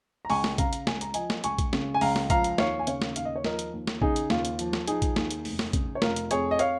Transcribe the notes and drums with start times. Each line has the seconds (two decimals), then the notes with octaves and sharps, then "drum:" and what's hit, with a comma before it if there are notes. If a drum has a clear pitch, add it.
0.25 A#5
0.30 C#2 G#5 C#6, drum: open hi-hat
0.44 drum: snare
0.58 C#3 F5 A#5, drum: kick, hi-hat
0.73 drum: hi-hat
0.87 C#2 G#5, drum: snare
1.01 A#5, drum: hi-hat
1.14 F3 D#5 G#5, drum: hi-hat
1.30 drum: snare
1.44 C#2 G#5 C#6, drum: hi-hat
1.58 drum: kick, hi-hat
1.73 C#3, drum: snare
1.94 G#5
2.01 C#2 F5 A#5, drum: open hi-hat
2.16 drum: snare
2.30 F3 F5 A#5, drum: kick, hi-hat
2.44 drum: hi-hat
2.58 D#2 C#5 F5, drum: snare
2.79 G#5
2.87 C#3 C#5 F5, drum: hi-hat
3.02 drum: snare
3.16 D#2 F5, drum: hi-hat
3.25 D#5
3.36 C#5
3.44 F3 A#4 D#5, drum: snare
3.59 drum: hi-hat
3.73 D#2
3.87 drum: snare
4.01 C#3 D#4 G#4, drum: kick
4.16 drum: hi-hat
4.30 D#2 F4, drum: snare
4.45 drum: hi-hat
4.59 F3, drum: hi-hat
4.73 drum: snare
4.87 F3 D#4 G#4, drum: hi-hat
5.02 drum: kick, hi-hat
5.16 D#2, drum: snare
5.31 drum: hi-hat
5.45 F1, drum: open hi-hat
5.59 drum: snare
5.73 C#3, drum: kick, hi-hat
5.95 C#5
6.02 F1 F4 A#4, drum: snare
6.16 drum: hi-hat
6.31 F2 G#4 C#5, drum: hi-hat
6.51 D#5
6.59 C#5 F5, drum: hi-hat